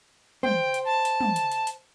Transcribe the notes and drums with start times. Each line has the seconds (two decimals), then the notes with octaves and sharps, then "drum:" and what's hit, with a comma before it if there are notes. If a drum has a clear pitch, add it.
0.43 C5 G5, drum: tom
0.74 drum: hi-hat
0.85 A5
1.05 drum: hi-hat
1.21 drum: tom
1.36 drum: hi-hat
1.52 drum: hi-hat
1.67 drum: hi-hat